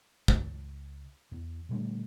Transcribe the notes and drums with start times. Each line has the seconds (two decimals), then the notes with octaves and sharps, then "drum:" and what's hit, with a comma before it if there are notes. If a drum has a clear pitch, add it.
0.28 C#2, drum: kick
1.32 E2
1.69 A#2 D3 G3 A3